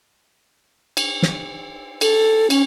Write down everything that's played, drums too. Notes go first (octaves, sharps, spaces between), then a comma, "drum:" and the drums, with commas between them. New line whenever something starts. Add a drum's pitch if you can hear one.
drum: cymbal
drum: snare
A4, drum: cymbal
C#4, drum: cymbal